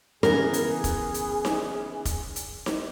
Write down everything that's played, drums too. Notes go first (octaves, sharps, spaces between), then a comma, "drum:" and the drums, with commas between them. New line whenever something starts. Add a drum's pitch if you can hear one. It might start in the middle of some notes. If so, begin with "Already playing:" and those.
C#3 E3 B3 G#4 A#4, drum: snare D#4
drum: hi-hat
drum: kick F1, hi-hat
drum: hi-hat
drum: snare D#4
drum: kick F1, hi-hat
drum: hi-hat
drum: snare D#4